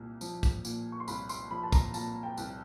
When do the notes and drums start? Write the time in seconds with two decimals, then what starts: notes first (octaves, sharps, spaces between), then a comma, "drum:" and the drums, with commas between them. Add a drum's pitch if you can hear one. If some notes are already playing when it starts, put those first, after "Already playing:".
Already playing: C2 A#2
0.21 F3, drum: tambourine
0.43 drum: kick, tambourine
0.65 A#2, drum: tambourine
0.92 C#6
1.00 C6
1.08 C2 B5, drum: tambourine
1.29 C6, drum: tambourine
1.51 F3 B5
1.63 A5
1.72 A#5, drum: kick, tambourine
1.94 A#2 A5, drum: tambourine
2.23 G5
2.37 C2, drum: tambourine